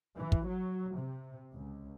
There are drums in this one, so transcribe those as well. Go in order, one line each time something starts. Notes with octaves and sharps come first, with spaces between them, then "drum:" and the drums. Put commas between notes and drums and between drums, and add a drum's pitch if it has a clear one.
E3
drum: kick
F#3
C3
C#2